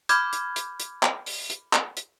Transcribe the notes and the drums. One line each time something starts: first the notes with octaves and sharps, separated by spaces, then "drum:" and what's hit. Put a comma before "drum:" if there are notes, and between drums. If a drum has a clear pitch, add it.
B5 D6 F6 G6 G#6, drum: hi-hat
drum: hi-hat
drum: hi-hat
drum: hi-hat
drum: clap
drum: open hi-hat
drum: hi-hat
drum: clap
drum: hi-hat